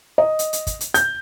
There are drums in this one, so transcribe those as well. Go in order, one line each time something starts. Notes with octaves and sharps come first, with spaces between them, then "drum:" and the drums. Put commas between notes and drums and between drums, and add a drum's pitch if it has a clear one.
D#5
drum: hi-hat
drum: hi-hat
drum: kick, hi-hat
drum: hi-hat
G6, drum: hi-hat